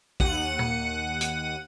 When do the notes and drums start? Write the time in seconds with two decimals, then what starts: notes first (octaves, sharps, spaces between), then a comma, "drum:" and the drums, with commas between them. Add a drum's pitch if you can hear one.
0.20 D#2 F#5 D#7, drum: kick
0.59 drum: tom A#2
1.21 drum: hi-hat